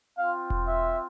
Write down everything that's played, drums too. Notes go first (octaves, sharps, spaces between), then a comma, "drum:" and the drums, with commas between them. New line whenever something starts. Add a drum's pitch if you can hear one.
C4 F4 F5
drum: kick E1
E5